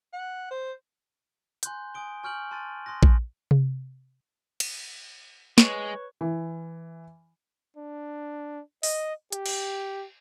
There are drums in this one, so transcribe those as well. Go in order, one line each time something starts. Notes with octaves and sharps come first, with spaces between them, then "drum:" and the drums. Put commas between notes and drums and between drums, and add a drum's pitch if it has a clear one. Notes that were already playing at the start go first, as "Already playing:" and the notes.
F#5
C5
G#5 C6 F#6 G6, drum: hi-hat
G#5 C6 D#6 D7 G7
G#5 C#6 F6 G6 D7 F#7
G#5 A5 C6 F#6 A6 D#7
C6 D#6 F#6 A#6
drum: kick A#1
drum: tom C3
drum: cymbal
G#3 B4 C#5 C#6, drum: snare
E3
D4
D#5, drum: open hi-hat
G4, drum: hi-hat
drum: cymbal